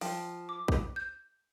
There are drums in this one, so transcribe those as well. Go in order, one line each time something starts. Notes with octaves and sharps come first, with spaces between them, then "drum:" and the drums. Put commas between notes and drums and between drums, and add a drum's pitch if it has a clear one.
F3 G5, drum: open hi-hat
D6
drum: kick
G6